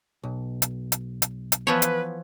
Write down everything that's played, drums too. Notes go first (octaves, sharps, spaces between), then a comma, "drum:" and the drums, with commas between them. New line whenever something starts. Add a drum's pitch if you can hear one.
B1
drum: hi-hat
drum: hi-hat
drum: hi-hat
drum: hi-hat
E3 F3 B3 B4 C#5
drum: hi-hat